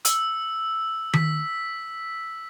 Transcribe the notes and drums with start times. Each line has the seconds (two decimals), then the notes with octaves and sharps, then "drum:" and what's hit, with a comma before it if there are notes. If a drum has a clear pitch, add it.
0.05 E6, drum: hi-hat
1.14 B6, drum: tom D#3